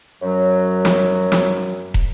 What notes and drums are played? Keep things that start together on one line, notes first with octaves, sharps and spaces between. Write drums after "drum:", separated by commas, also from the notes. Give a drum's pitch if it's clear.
F#2 F#3
drum: snare
drum: snare
drum: kick